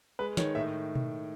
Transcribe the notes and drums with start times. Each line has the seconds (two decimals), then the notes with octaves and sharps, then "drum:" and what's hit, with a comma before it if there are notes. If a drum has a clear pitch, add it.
0.19 G#3 B4
0.37 D#3 C#5, drum: snare
0.55 A2 E5
0.95 drum: tom B2